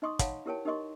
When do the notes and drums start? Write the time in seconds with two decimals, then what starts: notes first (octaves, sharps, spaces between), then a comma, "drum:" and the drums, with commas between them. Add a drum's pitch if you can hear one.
0.02 D#4 D#5 C6 C#6 D#6
0.19 C#5 F5 F#5 A5 B5, drum: kick, hi-hat
0.46 E4 G4 A#4 C#5 G5 A5
0.65 D#4 G4 A#4 D#5 C6 C#6